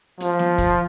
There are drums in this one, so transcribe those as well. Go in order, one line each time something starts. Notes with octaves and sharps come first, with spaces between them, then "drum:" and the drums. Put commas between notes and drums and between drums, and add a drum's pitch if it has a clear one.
F3, drum: hi-hat
drum: snare
drum: kick, hi-hat